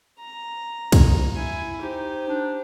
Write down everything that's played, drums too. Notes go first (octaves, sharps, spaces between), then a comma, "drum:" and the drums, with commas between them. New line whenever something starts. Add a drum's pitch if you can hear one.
A#5
drum: kick, cymbal
E4 G#5
D#4 G4 C5
D4